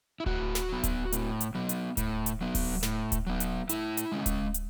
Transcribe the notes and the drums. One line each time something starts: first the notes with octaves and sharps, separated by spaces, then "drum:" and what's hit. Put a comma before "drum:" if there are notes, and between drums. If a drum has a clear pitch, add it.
E4
A2 F#4, drum: kick D1
drum: snare
F#3 B3
drum: kick D1, hi-hat
A2, drum: hi-hat
drum: hi-hat
F#3 B3
drum: hi-hat
A2, drum: kick D1, hi-hat
drum: hi-hat
F#3 B3
drum: kick D1, open hi-hat
A2, drum: snare
drum: kick D1, hi-hat
F#3 B3
drum: hi-hat
A2 E4, drum: hi-hat
drum: hi-hat
G#3 C#4
drum: kick D1, hi-hat
drum: hi-hat